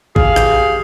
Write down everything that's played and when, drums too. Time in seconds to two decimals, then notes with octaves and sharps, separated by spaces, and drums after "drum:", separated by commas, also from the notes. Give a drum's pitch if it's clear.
0.16 G4 G#4 F5, drum: kick
0.36 drum: rim click